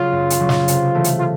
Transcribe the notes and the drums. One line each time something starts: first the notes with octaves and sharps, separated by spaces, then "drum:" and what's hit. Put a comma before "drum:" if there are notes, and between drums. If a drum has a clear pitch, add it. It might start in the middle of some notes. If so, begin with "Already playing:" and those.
Already playing: C#3 F#3 F4
F#2
drum: hi-hat
C#3 F#3
drum: snare
C3, drum: hi-hat
E3 A3
drum: hi-hat
F4